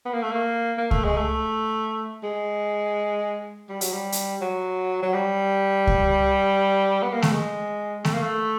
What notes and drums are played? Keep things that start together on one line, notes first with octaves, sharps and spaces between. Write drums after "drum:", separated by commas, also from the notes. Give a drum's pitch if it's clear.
B3
A#3
A3
A#3
A#3
A3, drum: kick C#2
G#3
A3
G#3
G3
F#3, drum: hi-hat
G3
drum: hi-hat
F#3
F#3
G3
drum: kick C#2
B3
A#3
A3, drum: snare A3
G#3
A3, drum: snare A3
A#3
A3